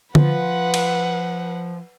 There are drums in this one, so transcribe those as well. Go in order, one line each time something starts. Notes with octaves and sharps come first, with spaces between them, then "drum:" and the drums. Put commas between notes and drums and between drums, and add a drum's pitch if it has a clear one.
F3 B4 F#5, drum: tom D3
drum: cymbal